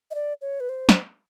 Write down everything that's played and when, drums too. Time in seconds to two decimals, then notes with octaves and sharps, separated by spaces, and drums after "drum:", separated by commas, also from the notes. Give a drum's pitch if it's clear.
0.11 D#5
0.15 D5
0.41 C#5
0.60 B4
0.69 C5
0.89 drum: snare